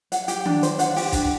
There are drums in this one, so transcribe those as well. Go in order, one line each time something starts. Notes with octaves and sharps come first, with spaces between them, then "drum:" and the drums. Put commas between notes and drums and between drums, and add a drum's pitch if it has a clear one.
F#5, drum: hi-hat
G4, drum: hi-hat
D4, drum: tom D#3
C5, drum: hi-hat
F#5, drum: hi-hat
G4, drum: open hi-hat
D4, drum: kick, hi-hat